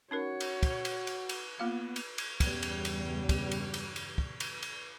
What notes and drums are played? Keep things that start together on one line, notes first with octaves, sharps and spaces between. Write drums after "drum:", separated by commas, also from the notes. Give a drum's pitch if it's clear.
C#4 D#4 F#4 A#4 C#5
drum: cymbal
drum: kick, cymbal
drum: cymbal
drum: cymbal
drum: cymbal
A#3 B3 F4 F5
drum: cymbal
drum: cymbal
E2 G2 C#3 G3, drum: kick, cymbal
drum: cymbal
drum: cymbal
drum: kick, cymbal
drum: cymbal
drum: cymbal
drum: cymbal
drum: kick
drum: cymbal
drum: cymbal